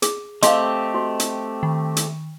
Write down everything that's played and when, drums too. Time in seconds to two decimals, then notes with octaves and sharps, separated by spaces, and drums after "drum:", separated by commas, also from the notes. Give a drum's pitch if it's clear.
0.02 G#4, drum: hi-hat
0.43 A3 C4 G4 D#5 F5 C6, drum: hi-hat
0.94 F#4
1.20 drum: hi-hat
1.63 D#3
1.97 drum: hi-hat